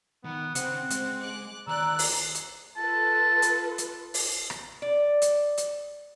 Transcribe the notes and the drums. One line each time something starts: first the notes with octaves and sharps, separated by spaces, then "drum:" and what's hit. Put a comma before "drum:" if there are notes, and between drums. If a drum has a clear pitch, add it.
D#3 B3
C#3 C4 F#5, drum: hi-hat
G#3, drum: hi-hat
D6 F#6
D#2 D5 A#5 E6 F#6
drum: open hi-hat
drum: hi-hat
F4 A4 B4 A5
drum: hi-hat
drum: hi-hat
drum: open hi-hat
drum: rim click
D5
drum: hi-hat
drum: hi-hat